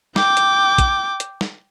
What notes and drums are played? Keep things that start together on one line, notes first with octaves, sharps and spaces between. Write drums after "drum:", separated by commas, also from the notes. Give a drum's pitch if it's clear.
G5 D6, drum: snare
drum: hi-hat
drum: kick, hi-hat
drum: hi-hat
drum: snare